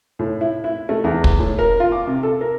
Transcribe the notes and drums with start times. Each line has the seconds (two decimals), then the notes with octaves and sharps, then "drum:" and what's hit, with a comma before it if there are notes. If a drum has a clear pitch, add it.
0.19 A2
0.41 E4
0.64 E4
0.89 A3
1.04 E2
1.24 drum: kick
1.39 A2
1.59 A#4
1.80 F4
1.92 D6
2.07 C3
2.23 A4
2.41 A#4